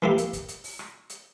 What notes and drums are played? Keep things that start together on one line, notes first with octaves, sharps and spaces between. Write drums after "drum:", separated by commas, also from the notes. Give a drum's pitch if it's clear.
E3 A#3 E4 G4
drum: hi-hat
drum: kick, hi-hat
drum: hi-hat
drum: open hi-hat
drum: rim click
drum: hi-hat